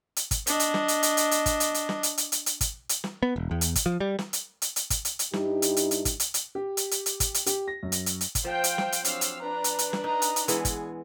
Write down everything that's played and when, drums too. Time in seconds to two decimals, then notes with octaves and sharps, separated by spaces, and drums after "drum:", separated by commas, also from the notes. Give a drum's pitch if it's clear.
0.16 drum: hi-hat
0.31 drum: kick, hi-hat
0.47 D4 D#5, drum: hi-hat
0.60 drum: hi-hat
0.74 drum: snare
0.88 drum: hi-hat
1.03 drum: hi-hat
1.17 drum: hi-hat
1.31 drum: hi-hat
1.46 drum: kick, hi-hat
1.60 drum: hi-hat
1.74 drum: hi-hat
1.89 drum: snare
2.03 drum: hi-hat
2.18 drum: hi-hat
2.32 drum: hi-hat
2.46 drum: hi-hat
2.61 drum: kick, hi-hat
2.89 drum: hi-hat
3.04 drum: snare
3.23 B3
3.36 E1
3.51 E2
3.61 drum: hi-hat
3.75 drum: kick, hi-hat
3.86 F3
4.00 G3
4.19 drum: snare
4.33 drum: hi-hat
4.62 drum: hi-hat
4.76 drum: hi-hat
4.90 drum: kick, hi-hat
5.05 drum: hi-hat
5.19 drum: hi-hat
5.33 G2 D#4 E4 G4, drum: snare
5.62 drum: hi-hat
5.77 drum: hi-hat
5.91 drum: hi-hat
6.05 drum: kick, hi-hat
6.20 drum: hi-hat
6.34 drum: hi-hat
6.55 G4
6.77 drum: hi-hat
6.91 drum: hi-hat
7.06 drum: hi-hat
7.20 drum: kick, hi-hat
7.34 drum: hi-hat
7.46 G4, drum: hi-hat
7.68 A#6
7.83 F#2
7.92 drum: hi-hat
8.06 drum: hi-hat
8.21 drum: hi-hat
8.35 drum: kick, hi-hat
8.45 F3 C5 F5 G5
8.64 drum: hi-hat
8.78 drum: snare
8.92 drum: hi-hat
9.05 F#3 C4 D4 F5 E6, drum: hi-hat
9.21 drum: hi-hat
9.42 D4 B4 A#5
9.64 drum: hi-hat
9.79 drum: hi-hat
9.93 drum: snare
10.04 D#4 D#5 A#5
10.22 drum: hi-hat
10.36 drum: hi-hat
10.48 E3 G#3 B3 G#4, drum: hi-hat
10.65 drum: kick, hi-hat